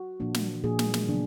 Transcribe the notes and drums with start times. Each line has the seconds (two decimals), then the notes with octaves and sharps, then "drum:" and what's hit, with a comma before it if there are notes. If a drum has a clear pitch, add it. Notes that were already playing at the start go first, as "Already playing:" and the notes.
Already playing: F#4
0.20 A#2 F3 A#3 D4
0.34 drum: snare
0.64 A#2 F3 A#3 D4 G#4
0.79 drum: snare
0.94 drum: snare
1.08 C#3 F#3 B3 D4